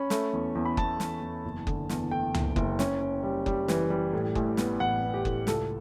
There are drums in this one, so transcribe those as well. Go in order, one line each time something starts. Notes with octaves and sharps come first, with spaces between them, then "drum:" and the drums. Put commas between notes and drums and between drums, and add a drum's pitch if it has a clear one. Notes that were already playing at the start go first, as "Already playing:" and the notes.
Already playing: C#4 B5
A3, drum: snare
E2
E2
B5
E2 A5, drum: kick F#1
E2, drum: snare
E2
F#1
D3, drum: kick F#1
E2, drum: snare
A3 G5
F#1, drum: tom C#2
F#1, drum: kick F#1
C#4, drum: snare
C#4
G3
G3, drum: kick F#1
E3, drum: snare
G3
A2
A1, drum: kick F#1
B3, drum: snare
A1 F#5
B3
G4
A2, drum: kick F#1
C#2 A4, drum: snare